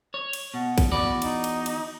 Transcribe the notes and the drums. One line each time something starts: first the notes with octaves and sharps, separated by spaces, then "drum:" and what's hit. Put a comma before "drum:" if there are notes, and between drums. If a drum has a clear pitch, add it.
C#5
drum: cymbal
B2 F#5
drum: kick A#1, cymbal
E2 F#4 D5 B5
D#4, drum: cymbal
drum: cymbal
drum: cymbal